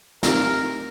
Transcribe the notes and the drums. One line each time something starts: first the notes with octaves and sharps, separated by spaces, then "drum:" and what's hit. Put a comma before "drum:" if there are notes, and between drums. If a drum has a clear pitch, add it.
C4 D#4 G4 A#4, drum: snare